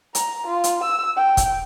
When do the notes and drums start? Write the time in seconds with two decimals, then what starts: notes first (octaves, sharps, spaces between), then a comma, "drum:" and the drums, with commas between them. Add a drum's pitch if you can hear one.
0.15 A#5, drum: hi-hat
0.47 F4
0.64 drum: hi-hat
0.83 E6
1.16 G5
1.37 drum: kick, hi-hat